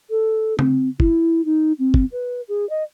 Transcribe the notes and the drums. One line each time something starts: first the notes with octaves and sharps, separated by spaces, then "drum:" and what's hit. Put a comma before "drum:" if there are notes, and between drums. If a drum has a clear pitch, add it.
A4
C4, drum: tom C#3
E4, drum: kick
D#4
C4
drum: kick
B4
G#4
D#5